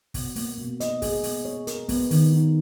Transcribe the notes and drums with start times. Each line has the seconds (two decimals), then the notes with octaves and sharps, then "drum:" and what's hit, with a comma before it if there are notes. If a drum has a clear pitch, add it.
0.14 B2, drum: kick, open hi-hat
0.36 A#3, drum: open hi-hat
0.58 B2
0.80 D#5, drum: hi-hat
1.02 G#4, drum: kick, open hi-hat
1.24 B3, drum: open hi-hat
1.45 C#5
1.67 A#4, drum: hi-hat
1.89 B3, drum: kick, open hi-hat
2.11 D#3, drum: open hi-hat
2.33 D#4